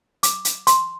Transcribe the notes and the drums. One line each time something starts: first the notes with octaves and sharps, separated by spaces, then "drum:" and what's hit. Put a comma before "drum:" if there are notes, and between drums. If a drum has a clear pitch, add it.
D6, drum: hi-hat
drum: hi-hat
C6, drum: hi-hat